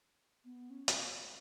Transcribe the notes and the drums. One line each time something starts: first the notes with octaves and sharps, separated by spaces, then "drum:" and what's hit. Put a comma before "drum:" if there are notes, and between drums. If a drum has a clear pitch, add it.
B3
C#4
drum: hi-hat